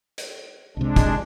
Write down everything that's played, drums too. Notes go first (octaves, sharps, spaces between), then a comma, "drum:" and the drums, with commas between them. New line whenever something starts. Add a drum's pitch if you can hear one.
drum: hi-hat
C2 C3 G#3 D4
drum: kick, hi-hat